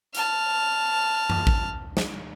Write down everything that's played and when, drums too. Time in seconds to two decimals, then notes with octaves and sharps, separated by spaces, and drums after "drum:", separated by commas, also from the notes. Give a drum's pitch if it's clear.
0.15 A5 F6, drum: hi-hat
1.30 drum: tom F#2
1.47 drum: kick A1
1.97 drum: snare